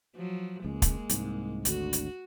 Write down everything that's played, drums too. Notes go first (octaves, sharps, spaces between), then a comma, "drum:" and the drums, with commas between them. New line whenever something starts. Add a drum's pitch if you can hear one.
F3 F#3
C#2 G#3 A#3
drum: kick, hi-hat
C2 G#2, drum: hi-hat
G#1 D2 D3 F#4, drum: hi-hat
drum: hi-hat